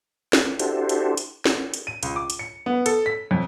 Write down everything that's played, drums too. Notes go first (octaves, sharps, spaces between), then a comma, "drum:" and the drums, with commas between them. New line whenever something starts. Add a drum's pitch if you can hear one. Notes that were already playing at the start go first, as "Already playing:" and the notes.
drum: snare
D4 E4 F#4 G4 A4 C5, drum: hi-hat
drum: hi-hat
drum: hi-hat
drum: snare
drum: hi-hat
D#7
C#2, drum: hi-hat
D6
drum: hi-hat
C#7
B3
A4, drum: hi-hat
B6
F2